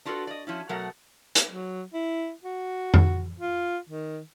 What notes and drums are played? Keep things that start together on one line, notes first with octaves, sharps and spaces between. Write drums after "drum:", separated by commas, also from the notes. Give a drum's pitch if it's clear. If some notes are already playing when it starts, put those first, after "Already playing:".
D4 F4 F#4 G#4 A4 B4
D5 D#5
F3 C#4 E4
B2 F#3 A3 F#4 A#4 F#5
drum: hi-hat
F#3
E4
F#4
drum: tom F2
F4
D#3